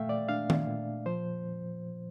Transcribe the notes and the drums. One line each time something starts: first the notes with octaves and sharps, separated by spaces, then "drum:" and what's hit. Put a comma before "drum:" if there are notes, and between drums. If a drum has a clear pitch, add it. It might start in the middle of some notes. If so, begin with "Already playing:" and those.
Already playing: A#2 A3 E5 F5 G5
D5
D4 F5
drum: tom D#3
A#2
F3 C5